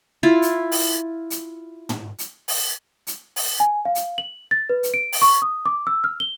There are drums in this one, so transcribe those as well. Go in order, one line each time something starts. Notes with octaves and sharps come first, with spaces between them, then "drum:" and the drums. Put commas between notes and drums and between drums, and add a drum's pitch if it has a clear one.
E4 F4
drum: hi-hat
drum: open hi-hat
drum: hi-hat
drum: tom
drum: hi-hat
drum: open hi-hat
drum: hi-hat
drum: open hi-hat
G#5
F5
drum: hi-hat
F#7
A6
B4
drum: hi-hat
D7
drum: open hi-hat
C#6
D#6
D6
E6
F6
G7